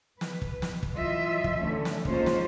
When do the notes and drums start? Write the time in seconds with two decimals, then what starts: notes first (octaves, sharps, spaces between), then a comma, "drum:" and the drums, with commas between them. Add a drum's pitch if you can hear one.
0.21 B4, drum: snare
0.42 drum: kick
0.62 drum: snare
0.83 drum: kick
0.95 E3 F#3 F4 D#5 E5
1.44 drum: kick
1.59 D3 E3 A3 C#4
1.85 drum: snare
2.05 G#3 A#3 C#4 D#4 F4 C5, drum: kick
2.26 drum: snare